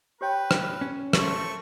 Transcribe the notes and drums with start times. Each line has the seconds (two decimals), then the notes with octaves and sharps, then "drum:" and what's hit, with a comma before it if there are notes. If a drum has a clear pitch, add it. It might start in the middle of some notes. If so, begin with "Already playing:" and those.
0.21 G4 B4 C#5 G5
0.51 drum: rim click
0.81 C#4
1.13 A3 C4 C#6, drum: rim click